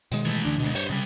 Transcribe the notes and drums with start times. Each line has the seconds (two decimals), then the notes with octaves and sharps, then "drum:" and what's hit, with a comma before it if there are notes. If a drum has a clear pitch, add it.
0.12 B2 D#3 G#3, drum: hi-hat
0.26 E3 A3
0.45 D2 D3 D4
0.59 B2 G#3
0.75 G2 C5 C#5, drum: hi-hat
0.90 C2 C#3 G3